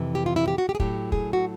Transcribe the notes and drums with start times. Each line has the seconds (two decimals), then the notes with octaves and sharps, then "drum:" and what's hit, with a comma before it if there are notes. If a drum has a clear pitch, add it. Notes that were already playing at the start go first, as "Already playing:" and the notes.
Already playing: F2 C3 E3
0.15 G4
0.26 F4
0.36 E4
0.48 G4
0.58 F#4
0.69 G4
0.75 G#4
0.80 A2 F#3 G4, drum: kick
1.12 G#4, drum: kick
1.33 F#4